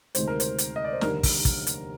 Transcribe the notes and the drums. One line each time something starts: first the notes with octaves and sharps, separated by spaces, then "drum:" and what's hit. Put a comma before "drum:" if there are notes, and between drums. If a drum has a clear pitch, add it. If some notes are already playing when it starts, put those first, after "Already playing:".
D2 C3 D#3 G#3 C5, drum: hi-hat
A#4
C5, drum: hi-hat
drum: hi-hat
D#5
D5
C5
F1 D#2 D3 G3 A#4, drum: snare
drum: kick, open hi-hat
drum: kick, hi-hat
drum: hi-hat